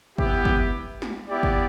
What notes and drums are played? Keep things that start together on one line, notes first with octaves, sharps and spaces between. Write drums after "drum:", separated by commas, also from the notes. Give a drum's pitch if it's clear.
B3 E4 G4, drum: kick
drum: kick
drum: snare
B3 E4 G4 D5
drum: kick